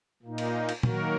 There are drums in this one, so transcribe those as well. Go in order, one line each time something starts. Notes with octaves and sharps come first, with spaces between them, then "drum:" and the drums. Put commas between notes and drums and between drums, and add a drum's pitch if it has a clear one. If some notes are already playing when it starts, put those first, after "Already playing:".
A#2 A#3 D#4
drum: cymbal
drum: cymbal
D#3 F#3 A#3 F#4 A#4, drum: tom A#2